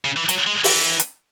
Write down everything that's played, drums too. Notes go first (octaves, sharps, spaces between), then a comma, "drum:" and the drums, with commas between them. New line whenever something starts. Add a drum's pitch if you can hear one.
C#3
E3
F#3, drum: hi-hat
G#3
E3, drum: open hi-hat
drum: hi-hat